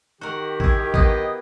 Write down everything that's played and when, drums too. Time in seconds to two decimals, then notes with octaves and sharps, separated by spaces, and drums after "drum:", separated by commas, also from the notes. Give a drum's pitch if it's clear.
0.21 D#3 F#4 G4 A#4
0.60 E4 G#4, drum: kick A1
0.94 A#3 B3 D#5, drum: kick A1